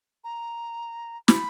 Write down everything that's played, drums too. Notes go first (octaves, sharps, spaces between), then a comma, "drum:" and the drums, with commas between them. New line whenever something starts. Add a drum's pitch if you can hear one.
A#5
B5, drum: snare